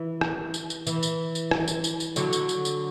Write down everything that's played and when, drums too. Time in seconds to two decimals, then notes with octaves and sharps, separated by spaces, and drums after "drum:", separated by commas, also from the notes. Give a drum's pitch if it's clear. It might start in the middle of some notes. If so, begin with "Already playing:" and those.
Already playing: E3
0.21 drum: rim click
0.54 drum: tambourine
0.70 drum: tambourine
0.87 E3, drum: tambourine
1.03 drum: tambourine
1.35 drum: tambourine
1.51 drum: rim click
1.68 drum: tambourine
1.84 drum: tambourine
2.00 drum: tambourine
2.16 D3 F#3, drum: tambourine
2.33 drum: tambourine
2.49 drum: tambourine
2.65 drum: tambourine